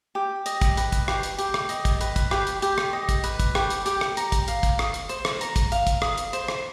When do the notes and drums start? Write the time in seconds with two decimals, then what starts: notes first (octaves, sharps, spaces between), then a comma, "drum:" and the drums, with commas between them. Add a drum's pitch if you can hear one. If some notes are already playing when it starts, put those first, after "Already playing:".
0.15 G4
0.46 D#5, drum: hi-hat
0.61 drum: kick, hi-hat
0.77 B4, drum: hi-hat
0.92 drum: kick, hi-hat
1.08 G4, drum: rim click
1.23 drum: hi-hat
1.39 G4, drum: hi-hat
1.54 drum: rim click
1.69 D#5, drum: hi-hat
1.85 drum: kick, hi-hat
2.01 B4, drum: hi-hat
2.16 drum: kick, hi-hat
2.31 G4, drum: rim click
2.47 drum: hi-hat
2.62 G4, drum: hi-hat
2.78 drum: rim click
2.93 D#5
3.09 drum: kick, hi-hat
3.24 B4, drum: hi-hat
3.40 drum: kick, hi-hat
3.55 G4, drum: rim click
3.70 drum: hi-hat
3.86 G4, drum: hi-hat
4.01 drum: rim click
4.17 A#5, drum: hi-hat
4.32 drum: kick, hi-hat
4.48 F5, drum: hi-hat
4.63 drum: kick, hi-hat
4.79 D#6, drum: rim click
4.94 drum: hi-hat
5.09 C5, drum: hi-hat
5.25 drum: rim click
5.41 A#5, drum: hi-hat
5.56 drum: kick, hi-hat
5.72 F5, drum: hi-hat
5.87 drum: kick, hi-hat
6.02 D#6, drum: rim click
6.18 drum: hi-hat
6.33 C5, drum: hi-hat
6.48 drum: rim click